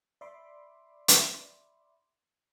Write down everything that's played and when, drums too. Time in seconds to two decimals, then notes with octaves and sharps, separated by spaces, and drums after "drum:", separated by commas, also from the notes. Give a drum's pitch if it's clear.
0.21 D5 E5 B5 C6 D6
1.08 drum: hi-hat